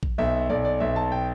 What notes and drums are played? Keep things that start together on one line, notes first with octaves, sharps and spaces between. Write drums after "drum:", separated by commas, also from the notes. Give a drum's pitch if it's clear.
drum: kick A1
B1 E5
B1 D5
D5
B1 E5
A5
G5